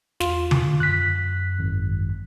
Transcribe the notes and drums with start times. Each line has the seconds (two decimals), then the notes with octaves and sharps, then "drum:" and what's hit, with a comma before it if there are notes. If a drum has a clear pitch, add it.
0.20 E2 F4, drum: snare
0.51 drum: tom D3
0.80 F#2 F#6 B6
1.59 G#1